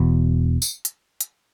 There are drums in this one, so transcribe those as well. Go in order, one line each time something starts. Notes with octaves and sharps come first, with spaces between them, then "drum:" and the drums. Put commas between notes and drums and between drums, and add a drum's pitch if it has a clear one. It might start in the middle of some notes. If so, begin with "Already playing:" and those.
Already playing: E1 E2 B2
drum: tambourine
drum: hi-hat
drum: hi-hat